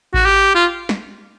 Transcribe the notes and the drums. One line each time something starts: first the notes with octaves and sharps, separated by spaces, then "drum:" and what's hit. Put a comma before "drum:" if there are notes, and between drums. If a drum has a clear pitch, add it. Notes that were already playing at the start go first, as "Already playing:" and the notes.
F#4, drum: kick A1
G4
F4
drum: snare